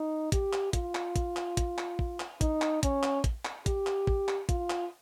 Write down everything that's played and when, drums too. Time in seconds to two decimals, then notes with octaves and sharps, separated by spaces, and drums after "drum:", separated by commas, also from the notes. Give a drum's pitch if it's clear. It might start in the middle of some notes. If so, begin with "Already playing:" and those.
Already playing: D#4
0.32 G4, drum: kick, hi-hat
0.53 drum: clap
0.73 F4, drum: kick, hi-hat
0.95 drum: clap
1.16 drum: kick, hi-hat
1.36 drum: clap
1.57 drum: kick, hi-hat
1.78 drum: clap
1.99 drum: kick
2.20 drum: clap
2.41 D#4, drum: kick, hi-hat
2.62 drum: clap
2.83 C#4, drum: kick, hi-hat
3.03 drum: clap
3.24 drum: kick, hi-hat
3.45 drum: clap
3.66 G4, drum: kick, hi-hat
3.87 drum: clap
4.07 drum: kick
4.28 drum: clap
4.49 F4, drum: kick, hi-hat
4.70 drum: clap